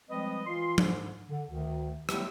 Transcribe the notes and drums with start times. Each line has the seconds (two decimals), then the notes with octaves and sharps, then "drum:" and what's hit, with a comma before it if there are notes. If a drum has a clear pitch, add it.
0.10 F3 G3 G#3 C4 B4 D#5
0.47 E3 F4 C6
0.78 G#2, drum: tom F3
1.29 D3
1.49 D2 D#3
2.09 F#3 G3 A3 B3 E4 G4, drum: rim click